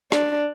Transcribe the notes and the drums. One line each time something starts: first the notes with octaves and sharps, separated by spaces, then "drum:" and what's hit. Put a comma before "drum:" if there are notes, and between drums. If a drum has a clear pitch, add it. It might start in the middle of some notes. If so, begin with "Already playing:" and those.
D4, drum: rim click